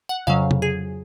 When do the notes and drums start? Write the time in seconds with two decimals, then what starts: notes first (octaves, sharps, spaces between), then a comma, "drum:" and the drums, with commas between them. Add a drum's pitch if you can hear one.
0.09 F#5
0.27 F2 C#3 F#3 F5
0.51 drum: tom C3
0.62 G#4